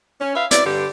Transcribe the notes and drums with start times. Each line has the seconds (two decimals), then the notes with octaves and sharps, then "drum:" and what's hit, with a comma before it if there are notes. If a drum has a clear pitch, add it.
0.21 C#4
0.35 B4 E5 F5
0.51 E4 D5, drum: hi-hat
0.65 G2 D3 G4